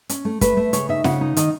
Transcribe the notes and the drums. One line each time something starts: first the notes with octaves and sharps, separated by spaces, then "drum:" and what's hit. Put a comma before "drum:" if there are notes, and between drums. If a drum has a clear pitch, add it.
C#4, drum: hi-hat
A3
A3 B4, drum: kick, hi-hat
A3
C#3 C#5, drum: hi-hat
D#4 E5
C#3 F#5, drum: snare
D#4
D#3 D#5, drum: hi-hat